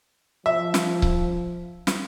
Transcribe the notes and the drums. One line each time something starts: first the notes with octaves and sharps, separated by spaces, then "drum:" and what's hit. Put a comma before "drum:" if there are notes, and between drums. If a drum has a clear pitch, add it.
F3 E5
drum: snare
drum: kick C#1
drum: snare